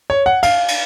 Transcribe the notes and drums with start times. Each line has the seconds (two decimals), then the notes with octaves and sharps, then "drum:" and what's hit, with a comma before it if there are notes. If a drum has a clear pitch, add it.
0.10 C#5
0.26 F#5
0.43 F5, drum: cymbal
0.68 drum: cymbal